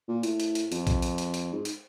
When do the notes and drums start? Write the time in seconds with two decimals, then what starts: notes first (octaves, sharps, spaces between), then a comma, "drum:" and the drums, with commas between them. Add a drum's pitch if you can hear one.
0.08 A#2
0.23 A2, drum: hi-hat
0.40 drum: hi-hat
0.55 drum: hi-hat
0.72 F2, drum: hi-hat
0.87 drum: kick, hi-hat
1.02 drum: hi-hat
1.18 drum: hi-hat
1.34 drum: hi-hat
1.53 G#2
1.65 drum: hi-hat